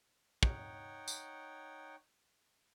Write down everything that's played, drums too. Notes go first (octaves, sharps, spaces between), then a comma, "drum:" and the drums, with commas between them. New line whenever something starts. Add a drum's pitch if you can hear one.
D#4 C#5 F#5 G5, drum: kick
drum: tambourine